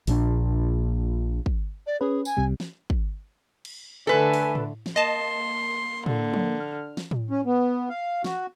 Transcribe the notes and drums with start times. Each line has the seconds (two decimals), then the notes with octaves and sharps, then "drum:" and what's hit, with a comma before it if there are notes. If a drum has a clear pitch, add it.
0.07 A#1 A#2 D4, drum: open hi-hat
1.46 drum: kick
1.87 D5
2.01 C#4 G#4 B4
2.25 G#5, drum: tambourine
2.37 C2 C3 G3
2.60 drum: snare
2.90 drum: kick
3.65 drum: cymbal
4.07 D3 A3 A4 B4 G#5
4.34 drum: open hi-hat
4.55 drum: tom A2
4.86 drum: snare
4.96 A#3 D#5 A5 C6
6.06 D3, drum: tom A2
6.34 drum: tom F3
6.60 F6
6.97 drum: snare
7.11 drum: tom A2
7.30 C#4
7.45 B3
7.89 F5
8.24 F#4, drum: snare